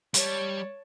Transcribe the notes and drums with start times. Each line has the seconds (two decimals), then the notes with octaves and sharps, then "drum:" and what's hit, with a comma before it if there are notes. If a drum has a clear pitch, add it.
0.14 G3 C#5 A5, drum: hi-hat